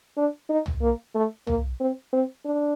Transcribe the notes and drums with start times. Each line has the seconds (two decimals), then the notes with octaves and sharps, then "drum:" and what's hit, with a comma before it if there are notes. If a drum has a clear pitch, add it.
0.17 D4
0.49 D#4
0.66 drum: tom C2
0.81 A#3
1.15 A3
1.47 A#3, drum: tom C2
1.80 C4
2.13 C4
2.45 D4